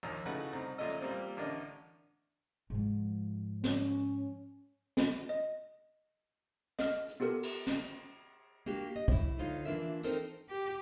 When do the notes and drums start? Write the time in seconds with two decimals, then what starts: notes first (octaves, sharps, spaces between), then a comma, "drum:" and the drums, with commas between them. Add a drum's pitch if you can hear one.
0.03 A#1 D#2 D#4 A#5 E6
0.26 C#3 A3 D#4 E4 F#4 B4
0.53 C2 D#4 C5
0.78 A1 A#2 A3 D5 D#5 E6
0.90 drum: hi-hat
1.01 A#2 G3 A#3 C4
1.37 A1 D3 D4 A#4 D#5
2.70 G#2 F3
3.64 C#4, drum: snare
4.97 drum: snare
5.29 D#5
6.79 D#5 F6, drum: snare
7.09 drum: hi-hat
7.20 B3 F4 G4 A4 A#4
7.43 drum: cymbal
7.67 drum: snare
8.66 A#3 D4 F#4 G4
8.96 D#5
9.08 A2 E4, drum: kick
9.38 D2 D3 D#4 F4 C#5 F5
9.65 E3 A#3 D4 F4 A#4 E5
10.03 C4 D#4 A4 A#4 C5, drum: tambourine
10.49 G4